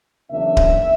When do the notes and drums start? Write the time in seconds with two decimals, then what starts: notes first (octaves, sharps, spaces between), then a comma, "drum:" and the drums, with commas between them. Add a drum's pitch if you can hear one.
0.31 E2 C#3 F#3 A#3 D4 E5
0.57 drum: kick D1